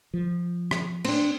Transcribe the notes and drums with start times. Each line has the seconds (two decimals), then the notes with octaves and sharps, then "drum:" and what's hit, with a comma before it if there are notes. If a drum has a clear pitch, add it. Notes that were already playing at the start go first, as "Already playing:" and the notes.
0.14 F3
0.71 drum: rim click
1.04 C4 D4, drum: cymbal